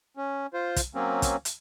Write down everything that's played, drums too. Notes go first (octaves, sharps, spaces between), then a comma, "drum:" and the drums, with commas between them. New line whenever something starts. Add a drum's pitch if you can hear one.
C#4
F4 C5
drum: kick, hi-hat
F#3 A#3 C4 C#4
drum: kick, hi-hat
drum: hi-hat